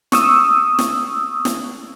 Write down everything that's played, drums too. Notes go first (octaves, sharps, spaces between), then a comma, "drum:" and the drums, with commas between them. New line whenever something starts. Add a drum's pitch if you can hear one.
C#6 D#6 E6, drum: snare
drum: snare
drum: snare